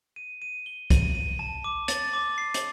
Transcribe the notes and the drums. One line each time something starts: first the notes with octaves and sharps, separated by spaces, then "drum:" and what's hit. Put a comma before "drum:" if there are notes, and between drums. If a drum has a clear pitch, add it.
D#7
D#7
G7
D#7, drum: kick C2, hi-hat
D#7
A5
D6
A6, drum: hi-hat
D6
C7
drum: hi-hat